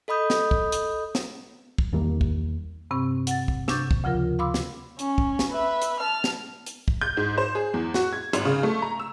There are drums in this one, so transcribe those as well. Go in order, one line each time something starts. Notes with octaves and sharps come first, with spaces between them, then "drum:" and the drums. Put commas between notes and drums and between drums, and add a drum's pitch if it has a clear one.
A4 D#5 B5 D#6 G6
drum: snare
drum: kick
drum: hi-hat
drum: snare
drum: kick
E2 D#3 G3 A#3
drum: kick
G2 C3 C4 C#6
F#5 A6, drum: hi-hat
drum: kick
C3 D4 C#6 D6 G6 A6, drum: snare
drum: kick
D2 C#3 F3 F4 A#4
F5 B5 C6 D6 E6
drum: snare
C#4, drum: hi-hat
drum: kick
drum: snare
B4 E5
drum: hi-hat
A5 F6
drum: snare
drum: hi-hat
drum: kick
G6
G#2
C5
G#4
E2
F#4, drum: snare
G#6
G#1, drum: hi-hat
C#3
A3
A#5
E6